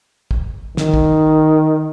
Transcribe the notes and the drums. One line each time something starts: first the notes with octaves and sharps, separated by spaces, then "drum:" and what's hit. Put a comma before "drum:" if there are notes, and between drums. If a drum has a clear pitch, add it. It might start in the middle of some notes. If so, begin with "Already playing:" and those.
drum: kick
D#3, drum: snare
drum: kick